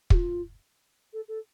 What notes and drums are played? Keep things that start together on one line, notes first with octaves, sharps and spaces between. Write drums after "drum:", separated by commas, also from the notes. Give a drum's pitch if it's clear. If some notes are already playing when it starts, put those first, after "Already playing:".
G4, drum: kick
F4
A4
A4